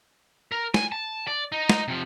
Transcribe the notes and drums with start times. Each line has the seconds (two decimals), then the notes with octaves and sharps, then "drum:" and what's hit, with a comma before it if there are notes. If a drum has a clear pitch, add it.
0.52 A#4
0.74 G#5, drum: snare
0.92 A5
1.27 D5
1.52 D#4
1.69 drum: snare
1.88 C3 F3